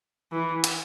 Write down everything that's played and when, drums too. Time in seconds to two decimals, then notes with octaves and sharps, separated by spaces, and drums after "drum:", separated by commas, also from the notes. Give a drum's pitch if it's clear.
0.32 E3
0.64 drum: hi-hat